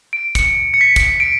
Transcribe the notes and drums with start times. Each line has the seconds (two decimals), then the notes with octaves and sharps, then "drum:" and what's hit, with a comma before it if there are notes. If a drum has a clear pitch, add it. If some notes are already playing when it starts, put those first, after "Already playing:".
0.13 D7
0.35 C#7, drum: kick, hi-hat
0.74 C#7
0.81 B6
0.96 drum: kick, hi-hat
1.20 D7